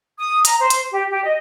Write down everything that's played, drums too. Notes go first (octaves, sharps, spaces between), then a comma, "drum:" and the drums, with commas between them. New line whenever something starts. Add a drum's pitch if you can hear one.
D#6
A#5, drum: hi-hat
C5
drum: hi-hat
G4
G4
D#5